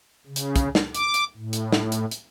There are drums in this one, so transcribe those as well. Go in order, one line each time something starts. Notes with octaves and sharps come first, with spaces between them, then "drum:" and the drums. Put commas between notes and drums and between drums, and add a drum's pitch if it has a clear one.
C#3
drum: hi-hat
drum: kick, hi-hat
drum: snare
D6, drum: hi-hat
drum: hi-hat
A2
drum: hi-hat
drum: snare
drum: hi-hat
drum: hi-hat